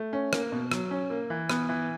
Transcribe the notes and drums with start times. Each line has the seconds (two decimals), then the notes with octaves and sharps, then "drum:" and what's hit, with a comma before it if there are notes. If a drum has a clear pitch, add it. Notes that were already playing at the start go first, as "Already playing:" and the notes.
Already playing: A3
0.13 C#4
0.33 A#3, drum: rim click
0.52 B2
0.72 F#3, drum: rim click
0.91 C#4
1.10 A#3
1.30 E3
1.49 B3, drum: rim click
1.69 E3